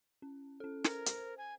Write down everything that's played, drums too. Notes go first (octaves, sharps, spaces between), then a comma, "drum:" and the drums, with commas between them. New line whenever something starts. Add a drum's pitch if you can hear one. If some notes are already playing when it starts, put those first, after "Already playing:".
C#4
C#4 A4
A#4 C5, drum: snare
drum: hi-hat
G#5